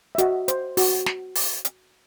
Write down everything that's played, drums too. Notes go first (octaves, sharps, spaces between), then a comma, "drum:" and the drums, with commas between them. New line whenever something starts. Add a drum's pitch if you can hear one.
E5
F#4 D#5, drum: hi-hat
C5, drum: hi-hat
F#4, drum: open hi-hat
drum: snare
drum: open hi-hat
drum: hi-hat